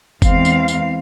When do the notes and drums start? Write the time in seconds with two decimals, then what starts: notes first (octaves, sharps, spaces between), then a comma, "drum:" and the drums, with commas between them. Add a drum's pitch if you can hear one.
0.22 E2 E3 G#3 C4 F5, drum: kick F#1, tambourine
0.45 drum: tambourine
0.68 drum: tambourine